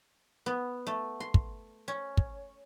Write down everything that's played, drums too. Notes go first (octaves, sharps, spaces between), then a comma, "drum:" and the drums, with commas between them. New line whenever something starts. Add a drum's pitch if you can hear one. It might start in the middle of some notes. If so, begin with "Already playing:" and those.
B3
A3
C6
drum: kick
C#4
drum: kick